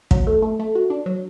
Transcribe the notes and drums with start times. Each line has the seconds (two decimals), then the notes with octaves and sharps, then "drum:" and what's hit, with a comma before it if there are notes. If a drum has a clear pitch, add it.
0.11 F#3, drum: kick
0.27 A3
0.42 A3
0.59 A3
0.75 F#4
0.90 D4
1.06 F#3